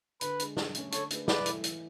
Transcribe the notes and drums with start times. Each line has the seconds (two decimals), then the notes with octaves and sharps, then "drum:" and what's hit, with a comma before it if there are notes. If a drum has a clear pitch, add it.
0.21 D3 B4, drum: hi-hat
0.39 G#3 D4, drum: hi-hat
0.57 D3, drum: snare
0.75 A3 C#4, drum: hi-hat
0.92 D3 A4 C#5, drum: hi-hat
1.10 A3 D4 G#4 B4, drum: hi-hat
1.28 E3 B4 D5, drum: snare
1.46 A3 E4 A4, drum: hi-hat
1.64 E3, drum: hi-hat